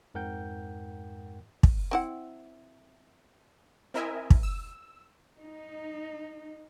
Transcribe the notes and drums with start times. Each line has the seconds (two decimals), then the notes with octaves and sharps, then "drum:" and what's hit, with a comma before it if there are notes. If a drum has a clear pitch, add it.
0.14 F2 G#2 A#4 F#5 G5 G6
1.63 drum: kick
1.91 C4 E4 F#5
3.94 C4 E4 A#4 D#5 E5 G#5
4.30 drum: kick
4.43 E6
5.42 D#4